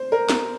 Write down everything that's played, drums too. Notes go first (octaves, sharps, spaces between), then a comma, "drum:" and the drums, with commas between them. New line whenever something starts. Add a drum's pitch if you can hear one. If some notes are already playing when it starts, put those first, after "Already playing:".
Already playing: C5
A#4
drum: snare